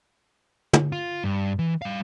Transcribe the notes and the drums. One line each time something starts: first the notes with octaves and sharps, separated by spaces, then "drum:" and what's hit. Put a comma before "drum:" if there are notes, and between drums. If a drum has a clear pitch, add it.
drum: tom
F4
G2
E3
G3 F5